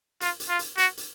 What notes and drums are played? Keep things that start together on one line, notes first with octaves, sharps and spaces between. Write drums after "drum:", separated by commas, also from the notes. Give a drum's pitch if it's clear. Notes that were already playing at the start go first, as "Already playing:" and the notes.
F4, drum: hi-hat
drum: hi-hat
F4
drum: hi-hat
F#4, drum: hi-hat
drum: hi-hat